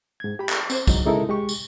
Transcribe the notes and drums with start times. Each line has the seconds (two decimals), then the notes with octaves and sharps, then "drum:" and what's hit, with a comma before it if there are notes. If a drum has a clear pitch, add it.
0.20 G#2 G#6
0.39 G4 B5
0.49 drum: clap
0.70 C4 C5, drum: tambourine
0.87 G#2 F#3 D#4, drum: kick, tambourine
1.06 C#3 G#3 D#4 E4 A4 A#4
1.29 G#3 G4 C#6
1.49 drum: tambourine